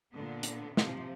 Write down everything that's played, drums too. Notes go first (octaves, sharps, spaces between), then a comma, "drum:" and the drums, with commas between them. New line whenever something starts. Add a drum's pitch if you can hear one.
A#2 D3 B3
drum: hi-hat
C3 F3, drum: snare